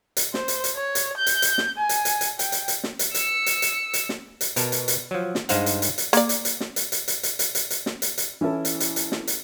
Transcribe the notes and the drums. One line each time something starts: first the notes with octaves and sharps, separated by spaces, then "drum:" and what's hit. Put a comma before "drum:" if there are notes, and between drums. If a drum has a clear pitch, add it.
drum: hi-hat
C5, drum: snare
drum: hi-hat
drum: hi-hat
C#5
drum: hi-hat
G6
drum: hi-hat
drum: hi-hat
drum: snare
G#5
drum: hi-hat
drum: hi-hat
drum: hi-hat
G5, drum: hi-hat
drum: hi-hat
drum: hi-hat
drum: snare
drum: hi-hat
E6 C#7, drum: hi-hat
drum: hi-hat
drum: hi-hat
drum: hi-hat
drum: snare
drum: hi-hat
B2 A#4 A5, drum: hi-hat
drum: hi-hat
drum: hi-hat
F3 F#3
drum: snare
G2 G#3 D#4 C5 F5 F#5, drum: hi-hat
drum: hi-hat
drum: hi-hat
drum: hi-hat
A#3 D5, drum: hi-hat
drum: hi-hat
drum: hi-hat
drum: snare
drum: hi-hat
drum: hi-hat
drum: hi-hat
drum: hi-hat
drum: hi-hat
drum: hi-hat
drum: hi-hat
drum: snare
drum: hi-hat
drum: hi-hat
E3 C#4 E4 A4
drum: hi-hat
drum: hi-hat
drum: hi-hat
drum: snare
drum: hi-hat